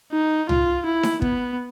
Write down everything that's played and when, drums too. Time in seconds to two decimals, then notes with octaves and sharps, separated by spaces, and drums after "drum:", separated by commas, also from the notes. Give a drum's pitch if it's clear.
0.12 D#4
0.49 F4, drum: tom
0.86 E4
1.03 drum: snare D#4
1.22 B3, drum: kick